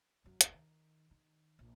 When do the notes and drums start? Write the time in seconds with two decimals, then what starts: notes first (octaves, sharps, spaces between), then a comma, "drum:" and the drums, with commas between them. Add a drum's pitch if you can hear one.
0.24 F#2 F#3
0.41 D#1 A#1, drum: hi-hat
0.53 D#3
1.11 D#3
1.59 A#1 A#2